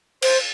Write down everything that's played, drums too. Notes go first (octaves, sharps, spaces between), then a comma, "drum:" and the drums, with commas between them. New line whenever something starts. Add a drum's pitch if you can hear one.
C5, drum: cymbal